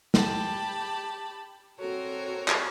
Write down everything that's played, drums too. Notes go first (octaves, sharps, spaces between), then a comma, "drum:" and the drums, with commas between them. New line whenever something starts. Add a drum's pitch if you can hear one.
G4 A5 B5, drum: snare
C4 F#4 A4 A#4 C#5
drum: clap